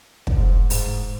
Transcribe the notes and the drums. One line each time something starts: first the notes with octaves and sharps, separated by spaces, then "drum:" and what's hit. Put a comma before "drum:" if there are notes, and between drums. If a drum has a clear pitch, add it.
drum: kick
G#2
G#2, drum: open hi-hat